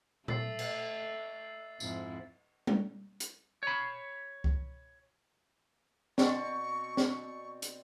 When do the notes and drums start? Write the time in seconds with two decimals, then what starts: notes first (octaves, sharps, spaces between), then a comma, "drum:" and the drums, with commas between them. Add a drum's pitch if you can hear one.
0.28 A3 E6 A6 C7, drum: tom A#2
0.59 drum: cymbal
1.80 F2 G#2 E4, drum: tambourine
2.67 drum: tom G3
3.20 drum: hi-hat
3.63 C#5 B5
4.44 drum: kick C2
6.18 B2 C4 D5 C#6, drum: snare
6.97 drum: snare
7.62 drum: hi-hat